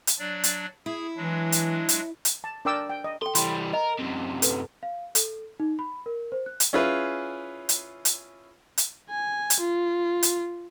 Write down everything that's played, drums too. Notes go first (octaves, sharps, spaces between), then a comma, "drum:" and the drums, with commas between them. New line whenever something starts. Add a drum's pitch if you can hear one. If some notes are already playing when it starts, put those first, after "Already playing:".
drum: hi-hat
F#3 D4 D5
drum: hi-hat
E4 G#4
E3 F#3 G#3 D4
drum: hi-hat
drum: hi-hat
drum: hi-hat
A5
D4 A#4 D5 G5 D6 E6
G5
D#5
A4 G5 C6
E3 G3 G5 B5 C6, drum: hi-hat
A#4 D#5
F#2 C3
A4 B4, drum: hi-hat
F5
A4, drum: hi-hat
D#4
B5
A#4
C5
F#6
drum: hi-hat
C#4 E4 F4 G#4 B4
drum: hi-hat
drum: hi-hat
drum: hi-hat
G#5
drum: hi-hat
F4
drum: hi-hat